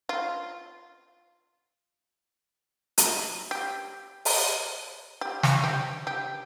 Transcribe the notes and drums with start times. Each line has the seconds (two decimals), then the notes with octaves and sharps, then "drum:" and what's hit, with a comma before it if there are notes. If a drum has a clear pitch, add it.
0.09 F4
2.98 drum: hi-hat
3.51 G4
4.25 drum: open hi-hat
5.21 G4
5.43 drum: snare
5.64 G4
6.07 G4